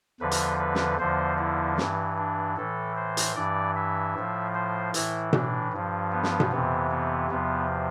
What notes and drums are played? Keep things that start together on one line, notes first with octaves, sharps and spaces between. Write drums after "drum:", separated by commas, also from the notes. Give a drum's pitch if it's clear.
E2 D3 F3 B4
drum: hi-hat
B4
drum: snare
E2 D3 F3 C5
E4
G2 E3, drum: snare
D4
A2 E3 A4
C5
drum: hi-hat
G2 E3 D5
E5
A2 F3
C5
A2 E3 E4, drum: hi-hat
D4, drum: tom B2
G2 F3
B3
drum: snare
drum: tom B2
F2 C3 E3 B3
B3
E2 C3 F3 B3